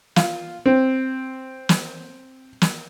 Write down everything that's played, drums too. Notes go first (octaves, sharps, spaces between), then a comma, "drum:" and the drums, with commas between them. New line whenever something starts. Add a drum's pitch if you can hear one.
F4, drum: snare
C4
drum: snare
drum: snare